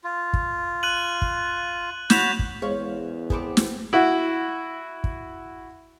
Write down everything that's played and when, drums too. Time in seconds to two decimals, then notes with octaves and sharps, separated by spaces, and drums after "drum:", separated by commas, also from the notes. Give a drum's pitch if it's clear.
0.04 F4
0.33 drum: kick
0.83 F#6 D#7 F#7
1.22 drum: kick
2.10 F#4 C#5 B5 G6 E7 F7, drum: snare
2.39 drum: kick
2.62 E2 G#3 C5 C#5 F5
3.30 B3 C4 G#4 A4 B4 D6, drum: kick
3.57 drum: snare
3.93 E4 F#4
5.04 drum: kick